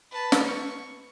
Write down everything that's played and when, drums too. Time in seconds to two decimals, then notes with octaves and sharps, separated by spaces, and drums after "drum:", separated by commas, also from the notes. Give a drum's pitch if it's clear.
0.11 B4 A5
0.32 drum: snare
0.45 C#6